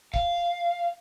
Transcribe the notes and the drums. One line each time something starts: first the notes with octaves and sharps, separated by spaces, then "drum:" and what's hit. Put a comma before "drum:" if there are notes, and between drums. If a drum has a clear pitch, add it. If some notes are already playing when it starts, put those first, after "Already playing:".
F5, drum: kick C#1